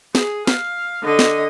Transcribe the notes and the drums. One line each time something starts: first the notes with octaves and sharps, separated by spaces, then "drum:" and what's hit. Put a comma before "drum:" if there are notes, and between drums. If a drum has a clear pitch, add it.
G#4, drum: snare
F5, drum: snare
D3 D#5
drum: snare